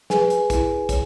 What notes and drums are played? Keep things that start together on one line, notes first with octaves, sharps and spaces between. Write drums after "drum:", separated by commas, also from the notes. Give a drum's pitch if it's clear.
G#4 B4 G#5, drum: snare
drum: hi-hat
E4, drum: kick, hi-hat
C#5, drum: kick, hi-hat